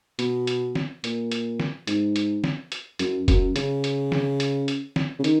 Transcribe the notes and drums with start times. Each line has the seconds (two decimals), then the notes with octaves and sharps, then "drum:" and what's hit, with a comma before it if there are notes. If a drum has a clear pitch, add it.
0.19 B2, drum: hi-hat
0.47 drum: hi-hat
0.75 drum: snare
1.04 A#2, drum: hi-hat
1.32 drum: hi-hat
1.60 drum: snare
1.87 G#2, drum: hi-hat
2.16 drum: hi-hat
2.44 drum: snare
2.72 drum: hi-hat
2.99 F#2, drum: hi-hat
3.28 F#2, drum: kick F1, hi-hat
3.56 C#3, drum: hi-hat
3.84 drum: hi-hat
4.12 drum: snare
4.40 drum: hi-hat
4.68 drum: hi-hat
4.96 drum: snare
5.19 C#3
5.24 D#3, drum: hi-hat